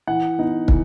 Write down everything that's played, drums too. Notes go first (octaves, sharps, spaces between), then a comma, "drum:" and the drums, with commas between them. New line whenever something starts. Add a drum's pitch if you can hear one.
E3 F#5
B3 D#4
E3, drum: kick